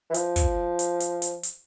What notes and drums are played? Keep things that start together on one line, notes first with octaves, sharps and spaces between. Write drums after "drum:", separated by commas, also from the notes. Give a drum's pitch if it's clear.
E3
F3, drum: hi-hat
drum: kick, hi-hat
drum: hi-hat
drum: hi-hat
drum: hi-hat
drum: hi-hat